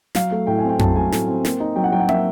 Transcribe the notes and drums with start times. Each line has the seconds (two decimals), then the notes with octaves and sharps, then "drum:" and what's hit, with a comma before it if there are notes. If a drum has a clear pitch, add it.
0.15 F#3 F5, drum: snare
0.31 A3
0.47 A2 G5
0.58 G#5
0.64 C4
0.69 G5
0.79 F#3 A5, drum: tom F2
0.96 A3 G#5
1.12 A2, drum: snare
1.27 C4
1.45 A#3, drum: snare
1.60 D#4
1.76 F#3 G5
1.84 F#5
1.92 F#3 G5
2.00 F#5
2.08 A#3 E5, drum: tom C4